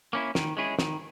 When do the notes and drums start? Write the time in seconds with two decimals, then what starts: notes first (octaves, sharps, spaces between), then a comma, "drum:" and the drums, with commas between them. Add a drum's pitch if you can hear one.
0.13 A#3 C#4 E4
0.35 D#3, drum: snare
0.57 G#3 C#4 E4 G#4
0.79 D#3, drum: snare